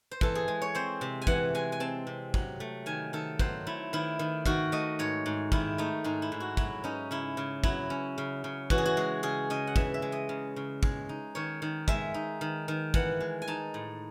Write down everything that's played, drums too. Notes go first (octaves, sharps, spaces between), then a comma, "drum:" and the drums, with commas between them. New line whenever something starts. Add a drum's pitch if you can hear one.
C5
E3 A4, drum: kick
G#4
G#3
C#5
C4 C5
C3
G#5
E3 F#5, drum: kick
G#3 G#5
G#5
C4 A5
C3
F#3, drum: kick
A3
D#3 G#5
D#3 A4
F#3 C5, drum: kick
A3 E4
D#3 E4
D#3
D#3 F#4, drum: kick
A3 D#5
G#2 C#5
G#2
D#3 E4, drum: kick
A3 D#4
G#2 D#4
E4
G#2
F#4
F#3 E4, drum: kick
C#4 D#4
C#3 E4
C#3
F#3 E4, drum: kick
C#4
C#3
C#3
E3 F#4, drum: kick
G#4
F#4
G#3 G#4
C#3 G#4
C#3 D#5
F#5
E3 E5, drum: kick
E5
G#3
D#5
C#3
C#3
G#3, drum: kick
D#4
D#3 C#5
D#3
G#3 E5, drum: kick
D#4
D#3
D#3
E3 F#5, drum: kick
G#3
G#5
D#4 A5
A2